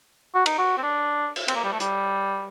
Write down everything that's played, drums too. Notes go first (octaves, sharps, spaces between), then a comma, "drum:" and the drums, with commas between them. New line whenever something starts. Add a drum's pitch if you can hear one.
F#4
D#4, drum: cymbal
F#4
C4
D4
drum: cymbal
C4, drum: cymbal
A#3
G3
A3
G3, drum: hi-hat